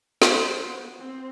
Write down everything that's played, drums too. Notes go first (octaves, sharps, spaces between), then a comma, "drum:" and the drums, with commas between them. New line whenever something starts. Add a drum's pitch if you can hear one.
C5, drum: snare
B3
C4